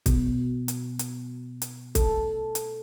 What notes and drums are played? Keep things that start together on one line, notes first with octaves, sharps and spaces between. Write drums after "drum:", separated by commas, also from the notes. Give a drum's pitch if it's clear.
B2, drum: kick, hi-hat
drum: hi-hat
drum: hi-hat
drum: hi-hat
A4, drum: kick, hi-hat
drum: hi-hat